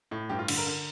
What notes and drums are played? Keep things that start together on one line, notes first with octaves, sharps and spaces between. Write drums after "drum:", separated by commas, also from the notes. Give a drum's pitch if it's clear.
A2
G2 G4
F4
D3, drum: cymbal
A#4
D3